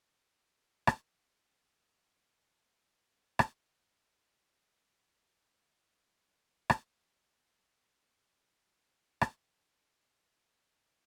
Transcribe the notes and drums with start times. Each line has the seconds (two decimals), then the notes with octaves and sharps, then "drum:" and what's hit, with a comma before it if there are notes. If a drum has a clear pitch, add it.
0.24 A2
0.87 drum: rim click
1.29 C#2 D#3 C#5
1.46 A#2 C#3 B3 C6
1.60 A3 G4 G#4 A#6
1.74 C4 D#4 G#4
2.95 A#3
3.39 drum: rim click
4.14 F3 C4
4.55 B2 C4 C#4 E4 F#4 G4
4.80 F3 G#3 B3 G4 A#4
5.44 B2 G3 A3 D4 B4
5.85 D3 F4 F#4 G#4
6.22 D#4
6.70 drum: rim click
7.84 F2 C3 D#3 F3 F#3
8.49 A1 D2 A3 C#4 G#4 G6
9.21 drum: rim click
9.34 F#4 G#4
9.59 F#1 F3 B3 D#4 B4
10.51 F4